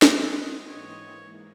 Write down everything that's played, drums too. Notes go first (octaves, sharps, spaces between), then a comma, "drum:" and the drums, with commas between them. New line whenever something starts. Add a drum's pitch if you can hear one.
drum: snare
B3 C4 D4 E4 B4 D#5
G#2 E3 A#3 C#5